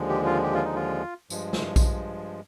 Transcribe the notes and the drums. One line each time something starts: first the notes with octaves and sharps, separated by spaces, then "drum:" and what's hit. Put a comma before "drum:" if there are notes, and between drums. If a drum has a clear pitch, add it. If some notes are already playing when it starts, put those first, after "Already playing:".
Already playing: D#2 D3 F3 G#3
G4
F4
G4
F4
D#4
F4
G2 F3 G#3, drum: tambourine
drum: snare
drum: kick A#1, tambourine